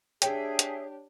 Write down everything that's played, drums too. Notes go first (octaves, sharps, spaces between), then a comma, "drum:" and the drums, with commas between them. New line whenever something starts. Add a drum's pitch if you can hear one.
D4 G4 G#4 C#5 E5 G5, drum: hi-hat
drum: hi-hat